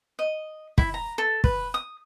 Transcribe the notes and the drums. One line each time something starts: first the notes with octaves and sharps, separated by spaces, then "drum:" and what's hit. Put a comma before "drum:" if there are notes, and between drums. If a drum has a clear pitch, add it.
D#5
E4, drum: kick
A#5
A4
B4, drum: kick
D#6